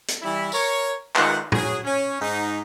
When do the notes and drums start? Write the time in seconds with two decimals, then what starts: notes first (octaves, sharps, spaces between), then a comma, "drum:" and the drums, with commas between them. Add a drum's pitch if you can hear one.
0.08 drum: hi-hat
0.22 E3 G3 E4
0.52 A#4 C#5, drum: tambourine
1.15 D#3 G#3 F4 F#5, drum: clap
1.52 F#3 C#4 G#4, drum: tom A2
1.84 C#4
2.20 G#2 D#4